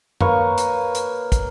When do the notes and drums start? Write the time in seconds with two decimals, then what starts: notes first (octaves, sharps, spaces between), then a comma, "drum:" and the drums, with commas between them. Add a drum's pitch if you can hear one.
0.21 A#3 B4 C#5 C#6, drum: tom F#2
0.58 drum: hi-hat
0.95 drum: hi-hat
1.32 drum: kick, hi-hat